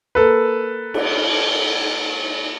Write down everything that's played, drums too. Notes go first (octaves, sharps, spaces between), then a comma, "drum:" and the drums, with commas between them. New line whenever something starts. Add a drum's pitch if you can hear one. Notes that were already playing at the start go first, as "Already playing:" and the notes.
A#3 A4 B4
drum: cymbal